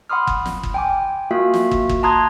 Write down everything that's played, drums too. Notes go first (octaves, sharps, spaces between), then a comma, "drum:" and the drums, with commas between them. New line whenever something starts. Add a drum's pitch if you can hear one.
F#5 B5 C6 D#6 F6
drum: kick
drum: snare
drum: kick
G5 G#5 D6
A#3 F4 F#4 E5 F5
drum: snare
drum: kick
drum: kick
A5 A#5 C6 D#6 F#6 G#6